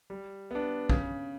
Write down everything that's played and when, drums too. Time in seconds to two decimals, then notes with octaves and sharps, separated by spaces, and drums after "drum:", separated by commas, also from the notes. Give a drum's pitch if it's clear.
0.10 G3
0.51 B3 D4
0.89 C#3, drum: kick